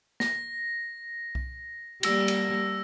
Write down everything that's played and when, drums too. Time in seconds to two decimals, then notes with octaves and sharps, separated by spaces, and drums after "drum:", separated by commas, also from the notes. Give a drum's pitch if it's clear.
0.20 A#6, drum: snare
1.35 drum: kick C2
2.03 G3 A#3 E6 A#6, drum: cymbal
2.28 drum: cymbal